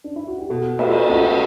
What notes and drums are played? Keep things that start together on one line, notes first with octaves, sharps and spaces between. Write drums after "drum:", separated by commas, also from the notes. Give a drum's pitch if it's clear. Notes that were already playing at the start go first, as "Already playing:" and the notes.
D4
E4
F#4
G4
B2 F#4 A4
A3 G4 B4, drum: cymbal
C#2 F#4 A4